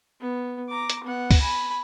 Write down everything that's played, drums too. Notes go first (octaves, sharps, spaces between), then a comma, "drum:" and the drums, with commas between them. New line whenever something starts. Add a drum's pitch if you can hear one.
B3
A#5 D6
drum: hi-hat
B3 F#5
drum: kick C#2, open hi-hat
G#5 B5